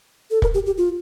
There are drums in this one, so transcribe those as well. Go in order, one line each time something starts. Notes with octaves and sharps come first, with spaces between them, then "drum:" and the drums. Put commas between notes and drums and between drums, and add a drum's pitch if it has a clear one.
A4
A#4, drum: kick
G4
G4
F4